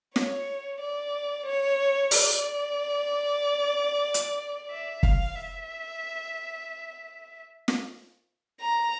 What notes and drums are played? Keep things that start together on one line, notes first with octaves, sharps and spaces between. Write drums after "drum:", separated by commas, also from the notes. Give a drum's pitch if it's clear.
C#5, drum: snare
D5
C#5
D5, drum: open hi-hat
drum: hi-hat
E5
F5, drum: kick
E5
drum: snare
A#5